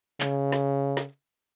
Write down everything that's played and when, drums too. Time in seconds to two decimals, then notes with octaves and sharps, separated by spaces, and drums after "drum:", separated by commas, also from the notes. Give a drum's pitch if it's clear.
0.21 C#3, drum: clap
0.52 drum: snare
0.97 drum: snare